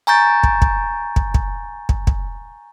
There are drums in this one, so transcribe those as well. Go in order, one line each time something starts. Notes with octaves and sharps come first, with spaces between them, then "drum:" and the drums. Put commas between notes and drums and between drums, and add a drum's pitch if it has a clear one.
G#5 A#5 C#6 G6 A6
drum: kick
drum: kick
drum: kick
drum: kick
drum: kick
drum: kick